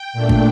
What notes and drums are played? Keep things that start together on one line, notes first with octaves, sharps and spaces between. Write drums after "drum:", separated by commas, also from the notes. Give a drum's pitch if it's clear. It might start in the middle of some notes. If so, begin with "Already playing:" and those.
Already playing: G5
A#2 A3 D4
drum: kick